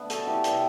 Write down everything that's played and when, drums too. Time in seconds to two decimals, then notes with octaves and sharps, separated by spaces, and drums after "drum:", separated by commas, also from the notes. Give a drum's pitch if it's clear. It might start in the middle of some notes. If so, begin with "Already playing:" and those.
Already playing: D3 A3 B3
0.10 F#4 A4, drum: hi-hat
0.27 E4 G4
0.44 B2 G3, drum: hi-hat